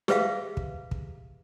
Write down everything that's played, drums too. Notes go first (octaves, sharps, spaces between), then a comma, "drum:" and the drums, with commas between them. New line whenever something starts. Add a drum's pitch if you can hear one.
G4 G#4 B4 E5 F5, drum: snare
drum: kick
drum: kick